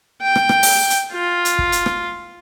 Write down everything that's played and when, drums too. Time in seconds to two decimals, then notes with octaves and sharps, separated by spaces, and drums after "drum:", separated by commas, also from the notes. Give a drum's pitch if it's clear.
0.22 G5
0.36 drum: rim click
0.49 drum: rim click
0.63 drum: open hi-hat
0.90 drum: hi-hat
1.13 F4
1.45 drum: hi-hat
1.59 drum: kick
1.72 drum: hi-hat
1.86 drum: rim click